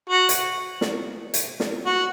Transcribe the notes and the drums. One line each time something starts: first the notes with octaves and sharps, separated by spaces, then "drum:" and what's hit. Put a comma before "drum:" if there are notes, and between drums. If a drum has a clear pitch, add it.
F#4
drum: hi-hat
drum: snare
drum: hi-hat
drum: snare
F#4